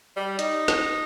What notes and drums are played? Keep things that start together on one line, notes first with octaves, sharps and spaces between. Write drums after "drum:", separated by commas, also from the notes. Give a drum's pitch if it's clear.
G3
D#4, drum: hi-hat
drum: snare